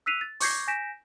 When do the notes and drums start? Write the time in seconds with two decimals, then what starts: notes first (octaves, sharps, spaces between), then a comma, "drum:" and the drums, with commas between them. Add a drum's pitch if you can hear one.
0.06 E6 F#6 B6 C7 D#7 F7
0.21 A6
0.40 C#6 D6 G6 G#6 A#6 C7, drum: open hi-hat
0.68 G#5 G6 A#6 B6 D7 E7